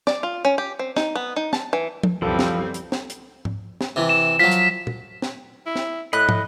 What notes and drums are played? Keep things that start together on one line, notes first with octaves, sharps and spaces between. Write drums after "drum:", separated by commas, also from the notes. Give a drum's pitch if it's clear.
D5, drum: snare
F4
C#4
G4
C4
D#4, drum: snare
B3
D#4
A5, drum: snare
E3
drum: tom
C#2 F#2 E3 F3 G3 C4 A4
drum: snare
drum: hi-hat
drum: snare
drum: hi-hat
drum: tom G#2
drum: snare
C3 E3
E7
F3 F#3 B6
drum: hi-hat
drum: tom A#2
drum: snare
E4
drum: snare
A2 D#5 B5 F#6
drum: tom